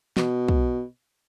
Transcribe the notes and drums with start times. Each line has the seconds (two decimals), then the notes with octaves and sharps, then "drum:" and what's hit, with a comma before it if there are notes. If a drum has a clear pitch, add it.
0.17 B2, drum: snare
0.48 drum: kick